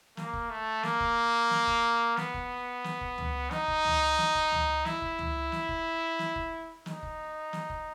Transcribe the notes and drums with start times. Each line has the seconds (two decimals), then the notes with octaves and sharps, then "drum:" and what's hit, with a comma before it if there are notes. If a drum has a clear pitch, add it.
0.17 A#3, drum: snare
0.33 drum: kick F1
0.50 A3
0.83 A#3, drum: snare
1.00 drum: kick F1
1.51 drum: snare
1.67 drum: kick F1
2.17 B3, drum: snare
2.34 drum: kick F1
2.84 drum: snare
3.01 drum: kick F1
3.18 drum: tom C#2
3.51 D#4, drum: snare
3.68 drum: kick F1
3.85 drum: tom C#2
4.18 drum: snare
4.35 drum: kick F1
4.52 drum: tom C#2
4.85 E4, drum: snare
5.02 drum: kick F1
5.19 drum: tom C#2
5.52 drum: snare
5.69 drum: kick F1
6.19 drum: snare
6.36 drum: kick F1
6.86 D#4, drum: snare
7.03 drum: kick F1
7.53 drum: snare
7.70 drum: kick F1